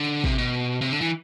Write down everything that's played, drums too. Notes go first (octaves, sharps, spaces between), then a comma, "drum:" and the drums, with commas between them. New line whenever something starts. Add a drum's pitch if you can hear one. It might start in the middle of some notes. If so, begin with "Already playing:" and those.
Already playing: D3
C3, drum: kick
B2
C3
D3
E3